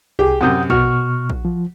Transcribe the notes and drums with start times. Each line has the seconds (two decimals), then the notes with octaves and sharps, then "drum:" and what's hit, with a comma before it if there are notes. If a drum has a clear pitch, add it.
0.19 C2 G4 G#4
0.41 F#2 C3 F#5 D#6 G6
0.70 B2 F#4 C#6 F6, drum: kick A#1
1.30 drum: kick A#1
1.45 F3